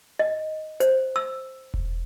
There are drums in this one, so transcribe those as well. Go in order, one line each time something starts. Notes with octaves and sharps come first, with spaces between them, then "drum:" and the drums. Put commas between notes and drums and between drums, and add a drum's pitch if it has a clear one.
D#5
C5, drum: hi-hat
E6
drum: kick E1